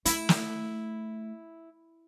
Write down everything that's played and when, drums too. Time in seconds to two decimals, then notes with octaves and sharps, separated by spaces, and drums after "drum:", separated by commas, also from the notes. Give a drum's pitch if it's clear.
0.05 A3 E4, drum: hi-hat
0.29 drum: snare